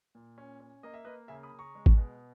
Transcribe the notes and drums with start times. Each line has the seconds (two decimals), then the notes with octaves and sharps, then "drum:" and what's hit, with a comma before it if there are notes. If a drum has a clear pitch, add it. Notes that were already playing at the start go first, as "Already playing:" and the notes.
0.15 A#2
0.38 C#4
0.60 C#4
0.83 A#3 D#5
0.94 E5
1.05 A#3 B4 D#5
1.28 C#3 E5 G#5
1.43 B5 D#6
1.52 C#3
1.59 A#5 C#6
1.75 G#3
1.86 drum: kick
1.97 B2